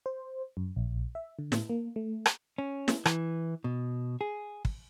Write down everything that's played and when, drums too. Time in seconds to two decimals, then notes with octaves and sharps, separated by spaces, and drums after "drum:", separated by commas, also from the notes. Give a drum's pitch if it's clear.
0.06 C5
0.57 F#2
0.76 A#1
1.15 E5
1.39 D3
1.52 A2, drum: snare
1.70 A#3
1.96 A3
2.26 drum: rim click
2.58 C#4
2.88 drum: snare
3.06 E3, drum: rim click
3.64 B2
4.21 G#4
4.65 drum: kick